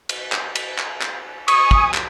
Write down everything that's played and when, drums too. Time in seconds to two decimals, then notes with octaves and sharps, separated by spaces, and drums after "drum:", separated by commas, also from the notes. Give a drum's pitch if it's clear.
0.09 drum: cymbal
0.32 drum: clap
0.55 drum: cymbal
0.79 drum: clap
1.02 drum: clap
1.48 G#5 C#6 D#6, drum: cymbal
1.71 drum: kick
1.94 drum: clap